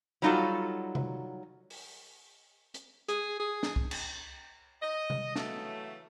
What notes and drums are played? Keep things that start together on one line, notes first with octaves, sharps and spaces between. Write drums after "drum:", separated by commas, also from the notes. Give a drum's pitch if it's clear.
F#3 G3 D#4 F4 F#4 A4
drum: tom C3
drum: open hi-hat
drum: hi-hat
G#4, drum: hi-hat
G#4
drum: snare
drum: kick C2
drum: cymbal
D#5
drum: tom C3
C#3 E3 F#3 A3, drum: snare